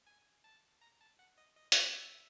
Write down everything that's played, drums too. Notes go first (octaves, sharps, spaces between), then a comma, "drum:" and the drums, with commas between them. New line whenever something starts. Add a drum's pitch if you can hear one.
G#5
A5
A#5
A5
F#5
D#5
D#5
drum: hi-hat
E5